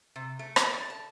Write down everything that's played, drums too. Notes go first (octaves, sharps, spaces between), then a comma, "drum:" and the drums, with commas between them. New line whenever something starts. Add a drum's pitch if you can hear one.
C3
A3
drum: rim click
D5
A5